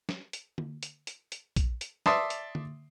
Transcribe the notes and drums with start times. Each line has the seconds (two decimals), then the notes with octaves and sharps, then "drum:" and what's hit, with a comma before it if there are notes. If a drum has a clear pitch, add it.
0.09 drum: snare
0.33 drum: hi-hat
0.58 drum: tom D3
0.83 drum: hi-hat
1.07 drum: hi-hat
1.32 drum: hi-hat
1.56 drum: kick, hi-hat
1.81 drum: hi-hat
2.06 D5 E5 A5 C6 D#6, drum: snare
2.30 drum: hi-hat
2.55 drum: tom D3